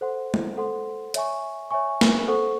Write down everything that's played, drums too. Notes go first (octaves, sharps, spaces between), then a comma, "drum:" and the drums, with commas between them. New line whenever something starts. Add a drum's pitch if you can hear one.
A4 C5 F#5 C6
drum: tom G#3
A4 C5 F#5 C6
C#5 E5 G#5 C#6, drum: hi-hat
C#5 E5 G#5 C#6
drum: snare
A4 C5 F#5 C#6